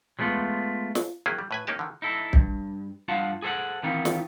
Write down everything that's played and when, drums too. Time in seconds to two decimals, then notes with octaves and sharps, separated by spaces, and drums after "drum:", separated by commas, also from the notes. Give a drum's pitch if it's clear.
0.19 F#3 G#3 A3 B3 F4
0.95 drum: snare
1.26 D#3 F#3 A#3 C4 E4 G#4
1.39 G3
1.51 A2 B4 G#5
1.67 A#3 C#4 D#4 G4 A5
1.79 D3 D#3
2.02 D#4 E4 A4
2.33 G2, drum: kick
3.08 G2 F4 F5 F#5 A5
3.42 G#4 A4 C5 E5 F#5
3.83 D#3 E3 B3 C4 D#4 F4
4.05 drum: snare